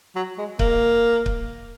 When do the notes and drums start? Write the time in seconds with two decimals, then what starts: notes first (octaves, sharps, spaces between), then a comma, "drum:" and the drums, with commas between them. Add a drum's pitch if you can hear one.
0.15 F#3
0.38 G#3
0.59 A#3, drum: kick C#1
1.26 drum: kick C#1